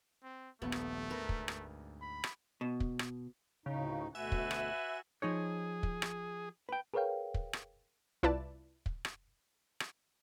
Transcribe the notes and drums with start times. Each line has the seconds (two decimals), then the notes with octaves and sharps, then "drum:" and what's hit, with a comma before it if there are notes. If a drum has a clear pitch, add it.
0.23 C4
0.62 D#1 A#1 D#2 A3 B3
0.72 drum: rim click
1.10 D2 G#2 A#4 B4
1.29 drum: kick
1.48 drum: rim click
2.02 B5
2.24 drum: rim click
2.61 B2
2.80 drum: kick
2.99 drum: rim click
3.66 D2 A2 C#3 D#4
4.15 D2 B2 A3 F#4 B4 E5 G#5
4.32 drum: kick
4.51 drum: rim click
5.22 F3 D#4 G#4 C#5
5.83 drum: kick
6.02 drum: rim click
6.69 B4 G5
6.94 G#4 A#4 B4 C#5 F5 G5
7.34 drum: kick
7.53 drum: rim click
8.23 C2 E4 F4 B4 D5 A5
8.86 drum: kick
9.05 drum: rim click
9.80 drum: rim click